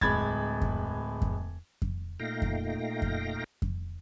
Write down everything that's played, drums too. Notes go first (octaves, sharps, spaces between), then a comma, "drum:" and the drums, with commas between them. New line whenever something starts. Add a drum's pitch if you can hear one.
D1 G#3 B5 G#6 A6, drum: kick F2
drum: kick F2
drum: kick F2
drum: kick F2
A#2 A3 D#4 F5 G5 A#6
drum: kick F2
drum: kick F2
drum: kick F2